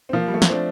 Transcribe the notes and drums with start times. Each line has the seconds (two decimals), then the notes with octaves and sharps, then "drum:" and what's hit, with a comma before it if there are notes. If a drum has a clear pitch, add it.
0.09 C4
0.13 F3 A#3
0.26 G3
0.34 A3
0.42 A#3, drum: snare
0.49 A3 C4 D4